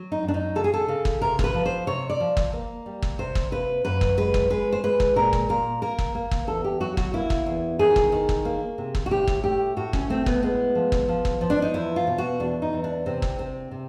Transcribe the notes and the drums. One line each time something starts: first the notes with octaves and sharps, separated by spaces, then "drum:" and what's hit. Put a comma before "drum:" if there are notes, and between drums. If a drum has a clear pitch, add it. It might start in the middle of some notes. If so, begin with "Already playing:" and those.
Already playing: F#3
D#4
F#2
D4
D#4
C#3 A4
G#4
A4
C#3
drum: kick
C3 A#4
A#4, drum: kick
B4
F3
C5
C3 C#5
D5
F3
drum: kick
A#3
G3
drum: kick
C3 C5
drum: kick
A#3 B4
F#2 B4
drum: kick
G#3 B4
drum: kick
G#3 B4
C5
G#3 B4
drum: kick
A#2 A#4
drum: kick
A#2 A#4
A#3 A#4
drum: kick
A#3
drum: kick
E2 A4
G4
F#3 F#4
F#4, drum: kick
A#3 E4
drum: kick
E2
D#3 G#4
drum: kick
D#3
drum: kick
A#3
C3
drum: kick
F#4
A2 G4
drum: kick
A3 G4
A2 F#4
C#4, drum: kick
A3 C4
B3, drum: kick
G#3 B3
F3
drum: kick
F3
drum: kick
F3
D4
D#4
E2 E4
F4
B2
F#4
E2 D4
D#4
E2
D4
C3 C4
drum: kick
C3 C4
C3